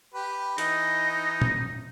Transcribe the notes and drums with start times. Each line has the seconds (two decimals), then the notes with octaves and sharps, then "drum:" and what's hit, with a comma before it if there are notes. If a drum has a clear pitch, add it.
0.14 G4 B4
0.58 E3 D#4 D#5, drum: hi-hat
1.42 drum: tom A#2